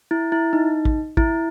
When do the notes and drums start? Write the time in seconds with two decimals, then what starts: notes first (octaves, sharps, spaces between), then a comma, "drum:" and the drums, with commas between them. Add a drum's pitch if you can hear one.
0.11 E4
0.32 E4
0.53 D#4
0.85 drum: kick A1
1.17 E4, drum: kick A1